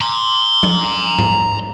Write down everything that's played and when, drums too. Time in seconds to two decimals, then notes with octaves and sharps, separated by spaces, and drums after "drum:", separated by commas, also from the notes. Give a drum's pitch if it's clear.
0.01 A#5 C6
0.63 drum: tom F3
1.19 drum: tom G#2